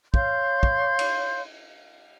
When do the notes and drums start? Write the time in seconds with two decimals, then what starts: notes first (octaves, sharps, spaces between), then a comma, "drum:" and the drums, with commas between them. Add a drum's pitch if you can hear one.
0.14 C#5 F5 C6 G6, drum: kick
0.63 drum: kick
0.99 drum: cymbal